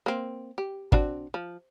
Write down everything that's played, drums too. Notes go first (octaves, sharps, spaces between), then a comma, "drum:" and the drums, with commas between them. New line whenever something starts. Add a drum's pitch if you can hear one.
A#3 C4
G4
C4 D4 F#4, drum: kick
F3